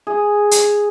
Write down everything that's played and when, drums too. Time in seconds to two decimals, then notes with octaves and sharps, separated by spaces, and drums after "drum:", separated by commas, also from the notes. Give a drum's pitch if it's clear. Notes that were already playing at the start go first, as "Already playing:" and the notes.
0.07 G#4
0.51 drum: hi-hat